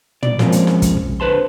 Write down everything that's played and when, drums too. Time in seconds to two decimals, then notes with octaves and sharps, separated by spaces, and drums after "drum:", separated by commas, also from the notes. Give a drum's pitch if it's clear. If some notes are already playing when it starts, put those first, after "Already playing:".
0.23 D5, drum: tom
0.39 F3 G#3 A#3 C4 C#4, drum: snare
0.52 drum: hi-hat
0.67 drum: snare
0.82 drum: kick, hi-hat
0.97 drum: kick
1.20 D3 B4 C5 A5 C6